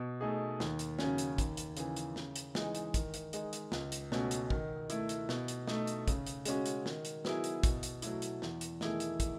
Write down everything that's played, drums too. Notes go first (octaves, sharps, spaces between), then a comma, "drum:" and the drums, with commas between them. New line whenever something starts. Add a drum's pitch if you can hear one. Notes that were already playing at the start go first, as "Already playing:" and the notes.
Already playing: B2
A3 D#4 G#4
D#2, drum: snare
drum: hi-hat
C#3 F#3 C#4, drum: snare
drum: hi-hat
D#2, drum: kick, hi-hat
drum: hi-hat
C#3 E3, drum: hi-hat
drum: hi-hat
C#3, drum: snare
drum: hi-hat
E3 G#3 D#4, drum: snare
drum: hi-hat
D#3, drum: kick, hi-hat
drum: hi-hat
G#3 D#4, drum: hi-hat
drum: hi-hat
C#2, drum: snare
drum: hi-hat
B2 A3 C#4 F#4, drum: snare
drum: hi-hat
D#3, drum: kick
A3 E4, drum: hi-hat
drum: hi-hat
B2, drum: snare
drum: hi-hat
A3 D#4, drum: snare
drum: hi-hat
C#3, drum: kick, hi-hat
drum: hi-hat
G#3 C#4 F#4, drum: hi-hat
drum: hi-hat
D#3, drum: snare
drum: hi-hat
F#3 B3 E4 G#4, drum: snare
drum: hi-hat
B2, drum: kick, hi-hat
drum: hi-hat
F#3 A3 E4, drum: hi-hat
drum: hi-hat
E2, drum: snare
drum: hi-hat
D#3 A3 E4 G#4, drum: snare
drum: hi-hat
drum: kick, hi-hat